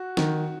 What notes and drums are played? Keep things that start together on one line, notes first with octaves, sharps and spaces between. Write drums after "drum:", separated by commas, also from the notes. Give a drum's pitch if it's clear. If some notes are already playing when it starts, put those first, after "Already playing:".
Already playing: F#4
D#3, drum: snare